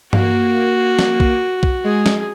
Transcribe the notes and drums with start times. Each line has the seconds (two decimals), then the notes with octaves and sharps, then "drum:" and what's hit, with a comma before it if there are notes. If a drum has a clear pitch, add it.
0.13 A#3 F#4, drum: tom G2
0.99 drum: snare
1.20 drum: kick B1
1.63 drum: kick B1
1.84 G#3 G#4
2.06 drum: snare